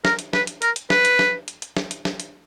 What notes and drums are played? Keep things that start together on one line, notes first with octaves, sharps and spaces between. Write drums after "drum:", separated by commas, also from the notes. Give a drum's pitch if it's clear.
A#4, drum: snare
drum: hi-hat
B4, drum: snare
drum: hi-hat
A#4, drum: hi-hat
drum: hi-hat
B4, drum: snare
drum: hi-hat
drum: snare
drum: hi-hat
drum: hi-hat
drum: snare
drum: hi-hat
drum: snare
drum: hi-hat